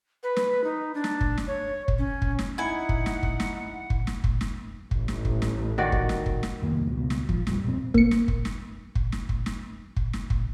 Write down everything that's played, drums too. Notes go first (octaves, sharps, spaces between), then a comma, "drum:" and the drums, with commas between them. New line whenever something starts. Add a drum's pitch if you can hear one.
B4
drum: snare
D#4
D4
drum: snare
drum: kick
drum: snare
C#5
drum: kick
C#4
drum: kick
drum: snare
D#4 E4 F#5 G#5
drum: kick
drum: snare
drum: kick
drum: snare
drum: kick
drum: snare
drum: kick
drum: snare
A1, drum: kick
drum: snare
drum: kick
drum: snare
D#3 F#4 D5
drum: kick
drum: snare
drum: kick
drum: snare
C2 F2 D#3 A#3
C#2 B2
drum: snare
F3, drum: kick
A#1 F2 G3, drum: snare
D#1 F2 C4
A#3 C#7, drum: kick
drum: snare
drum: kick
drum: snare
drum: kick
drum: snare
drum: kick
drum: snare
drum: kick
drum: snare
drum: kick